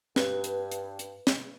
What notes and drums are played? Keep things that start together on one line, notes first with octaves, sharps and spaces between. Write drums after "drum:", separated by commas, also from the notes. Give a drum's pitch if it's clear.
G2 B4, drum: snare
drum: hi-hat
drum: hi-hat
drum: hi-hat
drum: snare